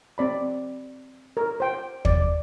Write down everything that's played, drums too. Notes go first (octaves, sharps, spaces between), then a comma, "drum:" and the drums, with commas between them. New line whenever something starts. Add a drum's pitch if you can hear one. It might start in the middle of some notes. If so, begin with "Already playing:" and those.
C4 D5 B5
A#4
C5 G5
D5, drum: kick